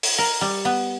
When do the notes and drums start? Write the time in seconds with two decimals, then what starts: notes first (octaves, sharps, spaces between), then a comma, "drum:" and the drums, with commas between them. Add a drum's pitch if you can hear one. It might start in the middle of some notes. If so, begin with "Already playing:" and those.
0.03 drum: open hi-hat
0.18 A#4
0.41 G3
0.65 B3